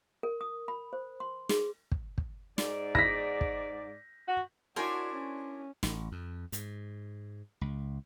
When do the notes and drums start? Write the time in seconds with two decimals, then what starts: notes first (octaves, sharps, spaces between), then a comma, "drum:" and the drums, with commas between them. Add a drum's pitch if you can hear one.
0.23 A#4
0.41 D#6
0.68 B5
0.93 C5
1.20 C6
1.49 G#4, drum: snare
1.92 drum: kick
2.18 drum: kick
2.58 G#2 D5, drum: snare
2.95 A#6 B6, drum: kick
3.41 drum: kick
4.27 F#4
4.76 D4 E4 F#4 A#4 C5 C#5 G#5
5.12 C#4
5.83 A1, drum: snare
6.12 F2
6.52 G#2, drum: hi-hat
7.61 C#2